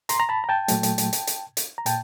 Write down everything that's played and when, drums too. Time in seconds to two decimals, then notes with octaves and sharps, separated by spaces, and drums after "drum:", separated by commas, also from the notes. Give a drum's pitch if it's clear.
0.09 A#5 C6, drum: hi-hat
0.20 A#5
0.29 A5 B5
0.44 A#5
0.49 G5 A5
0.68 A#2 F#3 A3, drum: hi-hat
0.83 drum: hi-hat
0.98 drum: hi-hat
1.13 drum: hi-hat
1.27 drum: hi-hat
1.57 drum: hi-hat
1.78 A#5
1.86 A#2 G5 A5, drum: hi-hat